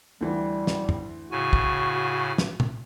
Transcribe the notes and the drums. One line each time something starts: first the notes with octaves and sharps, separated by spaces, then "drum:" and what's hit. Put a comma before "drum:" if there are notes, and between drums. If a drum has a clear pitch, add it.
D2 E3 G3
drum: snare
drum: tom
A2 C#3 F#4 G#5
drum: kick
drum: snare
drum: tom